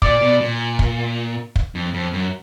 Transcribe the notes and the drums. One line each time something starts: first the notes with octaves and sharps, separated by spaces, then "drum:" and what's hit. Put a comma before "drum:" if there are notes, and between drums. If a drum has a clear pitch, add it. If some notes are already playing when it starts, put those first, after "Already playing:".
A#2 D5, drum: kick
B2
A#2
drum: kick
drum: kick
F2
F2
F#2